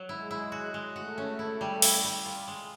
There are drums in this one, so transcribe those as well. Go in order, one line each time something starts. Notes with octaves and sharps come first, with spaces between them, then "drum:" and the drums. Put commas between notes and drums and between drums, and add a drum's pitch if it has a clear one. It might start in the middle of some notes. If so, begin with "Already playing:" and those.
Already playing: F#3
G#3 E4
E4
F#4
G#3
A3 F#4
C#4
E4
G3
E4, drum: open hi-hat
G3
F4
G#3